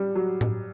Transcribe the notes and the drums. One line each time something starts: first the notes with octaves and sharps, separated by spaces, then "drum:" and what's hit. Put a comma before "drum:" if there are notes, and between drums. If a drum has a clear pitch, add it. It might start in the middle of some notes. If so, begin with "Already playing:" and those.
Already playing: G3
F#3
drum: tom A2